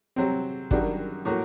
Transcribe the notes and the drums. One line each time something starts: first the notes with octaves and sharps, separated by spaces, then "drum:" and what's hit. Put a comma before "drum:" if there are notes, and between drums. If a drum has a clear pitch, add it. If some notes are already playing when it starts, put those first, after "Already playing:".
C3 F#3 C4
F#2 D#3 G3 D4 F#4, drum: kick
A2 F#3 A#3 F#4